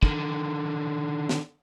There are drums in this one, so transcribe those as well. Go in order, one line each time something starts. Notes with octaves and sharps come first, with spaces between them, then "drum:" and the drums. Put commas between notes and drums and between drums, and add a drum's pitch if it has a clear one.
D3 D#3, drum: kick
drum: snare